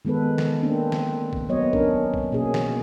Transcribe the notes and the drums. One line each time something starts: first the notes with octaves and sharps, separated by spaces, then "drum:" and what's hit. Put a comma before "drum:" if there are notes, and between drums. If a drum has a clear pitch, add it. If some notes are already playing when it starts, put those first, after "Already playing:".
D#3 G#3 B3 A4 B4
drum: snare
A#3 C4 D4
drum: snare
drum: kick
F#3 B3 C#5 D#5
C#4 D4 A#4, drum: kick
drum: kick
B2 A#3 C#4 G#4
drum: snare